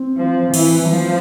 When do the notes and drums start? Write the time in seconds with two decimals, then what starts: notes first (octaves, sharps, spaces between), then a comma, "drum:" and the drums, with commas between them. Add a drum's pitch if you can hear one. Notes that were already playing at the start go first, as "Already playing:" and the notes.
Already playing: C4
0.18 F3
0.54 E3, drum: cymbal
0.90 F3